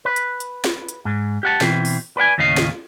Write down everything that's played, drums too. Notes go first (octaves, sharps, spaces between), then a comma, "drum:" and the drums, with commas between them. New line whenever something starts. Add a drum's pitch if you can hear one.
B4
drum: hi-hat
drum: hi-hat
drum: snare
drum: hi-hat
G#2
G4 F#5 A5
B2 E3 C4, drum: snare
drum: open hi-hat
B4 D5 F#5 G#5
D#2 A2 C#3 D#5 F5
drum: snare